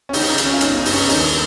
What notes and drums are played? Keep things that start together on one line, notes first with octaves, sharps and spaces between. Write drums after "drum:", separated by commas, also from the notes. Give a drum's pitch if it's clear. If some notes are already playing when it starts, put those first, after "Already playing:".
C#4
C#2 D#4, drum: open hi-hat
D#4
C#3, drum: hi-hat
C#4
F4
G1 D#4, drum: hi-hat
D#4
G2, drum: open hi-hat
C#4
D#2 D#4, drum: open hi-hat